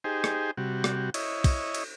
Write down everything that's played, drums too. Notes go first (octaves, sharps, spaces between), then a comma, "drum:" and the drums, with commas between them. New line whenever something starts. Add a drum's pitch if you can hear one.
D#4 G4 G#4 C5
drum: rim click
C3 G3 F#4
drum: rim click
E4 C#5 D#5, drum: cymbal
drum: kick, cymbal
drum: cymbal